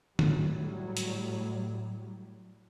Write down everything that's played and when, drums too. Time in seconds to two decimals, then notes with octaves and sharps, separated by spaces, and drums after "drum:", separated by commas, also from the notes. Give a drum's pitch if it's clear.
0.19 A2 F#3 G3, drum: tom D3
0.97 drum: hi-hat